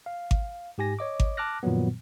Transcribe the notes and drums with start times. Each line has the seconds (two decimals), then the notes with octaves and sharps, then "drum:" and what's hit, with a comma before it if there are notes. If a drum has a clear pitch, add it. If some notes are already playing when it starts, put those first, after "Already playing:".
0.06 F5
0.31 drum: kick G#1
0.78 G#2 G4 G#5 A#6
0.99 C#5 D#5 D6
1.20 drum: kick G#1
1.37 A5 D6 F6 F#6 A#6
1.63 F#2 A#2 D#3 F3 F#3 B3